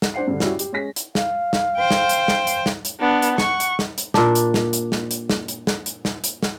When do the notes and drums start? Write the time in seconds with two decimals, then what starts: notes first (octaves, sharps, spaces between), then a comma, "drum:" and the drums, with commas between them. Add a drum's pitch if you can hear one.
0.02 drum: snare
0.14 D4 C5 F#5 C7
0.27 G2 D3
0.40 G3 C#4 E4 F#4 G4, drum: snare
0.59 G4, drum: hi-hat
0.72 G#3 C#4 G#4 A#6 B6
0.96 drum: hi-hat
1.15 F5, drum: snare
1.53 drum: snare
1.78 C5 G5
1.91 drum: snare
2.09 drum: hi-hat
2.28 drum: snare
2.47 drum: hi-hat
2.66 drum: snare
2.85 drum: hi-hat
3.00 B3 D4
3.22 drum: hi-hat
3.38 F#5 C#6, drum: snare
3.60 drum: hi-hat
3.79 drum: snare
3.98 drum: hi-hat
4.14 A#2 D4, drum: snare
4.35 drum: hi-hat
4.54 drum: snare
4.73 drum: hi-hat
4.92 drum: snare
5.11 drum: hi-hat
5.30 drum: snare
5.48 drum: hi-hat
5.67 drum: snare
5.86 drum: hi-hat
6.05 drum: snare
6.24 drum: hi-hat
6.43 drum: snare